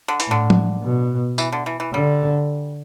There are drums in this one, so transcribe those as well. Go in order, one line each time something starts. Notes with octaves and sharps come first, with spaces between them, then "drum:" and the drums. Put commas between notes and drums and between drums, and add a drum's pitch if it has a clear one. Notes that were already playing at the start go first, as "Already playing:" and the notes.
D3
E3, drum: hi-hat
A2 D3
drum: tom F3
B2
E3, drum: tambourine
D3
E3
E3
D3 G3